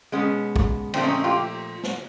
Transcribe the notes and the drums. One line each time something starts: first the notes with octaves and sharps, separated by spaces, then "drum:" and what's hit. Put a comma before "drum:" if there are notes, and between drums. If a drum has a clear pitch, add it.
B2 G#3 B3 C#4
drum: kick
A#2 F3 A3 C4 D4, drum: cymbal
C#4 D#4
F4 G4
drum: snare